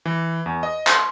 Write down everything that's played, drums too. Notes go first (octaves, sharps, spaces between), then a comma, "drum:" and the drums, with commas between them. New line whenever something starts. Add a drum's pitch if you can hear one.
E3
E2
D#5
C6, drum: clap